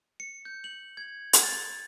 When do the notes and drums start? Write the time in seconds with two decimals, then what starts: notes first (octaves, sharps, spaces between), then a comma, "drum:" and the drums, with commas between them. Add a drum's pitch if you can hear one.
0.20 C#7
0.45 G6
0.64 F#7
0.97 G#6
1.33 drum: hi-hat
1.43 A6